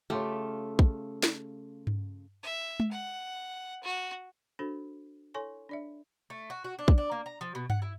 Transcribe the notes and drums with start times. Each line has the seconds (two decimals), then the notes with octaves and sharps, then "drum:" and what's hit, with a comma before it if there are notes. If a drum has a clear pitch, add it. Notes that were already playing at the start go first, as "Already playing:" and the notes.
0.10 C#3 A3 F4 G4
0.79 drum: kick
1.23 drum: snare
1.87 drum: tom G2
2.43 E5
2.80 drum: tom G#3
2.91 F#5
3.83 F#4
4.59 D4 F#4 A4 C5
5.34 E4 A4 C#5 G#5 C6 C#6
5.69 D4 D5 E5
6.30 A3
6.50 F#4
6.64 F#4
6.79 D4
6.88 drum: kick
6.98 D4
7.11 A#3
7.26 A#5
7.41 F3
7.55 B2
7.70 F#5, drum: tom G2
7.82 E4